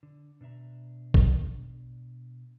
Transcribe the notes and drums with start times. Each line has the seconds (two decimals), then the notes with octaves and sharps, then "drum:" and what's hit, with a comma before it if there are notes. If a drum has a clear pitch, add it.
0.03 D3
0.41 B2 D4 E4 E5 A#5
1.14 drum: kick A1